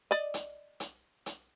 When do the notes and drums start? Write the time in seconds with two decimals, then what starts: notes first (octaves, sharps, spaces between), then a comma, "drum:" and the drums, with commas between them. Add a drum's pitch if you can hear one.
0.11 D5 D#5
0.34 drum: hi-hat
0.80 drum: hi-hat
1.26 drum: hi-hat